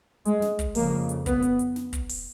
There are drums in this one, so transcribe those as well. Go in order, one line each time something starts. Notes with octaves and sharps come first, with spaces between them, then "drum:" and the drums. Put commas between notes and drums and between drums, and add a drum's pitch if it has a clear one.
G#3, drum: hi-hat
drum: snare
drum: kick, hi-hat
F2 C#3 A#3, drum: open hi-hat
drum: hi-hat
B3, drum: kick, hi-hat
drum: hi-hat
drum: hi-hat
drum: snare
drum: kick, hi-hat
drum: open hi-hat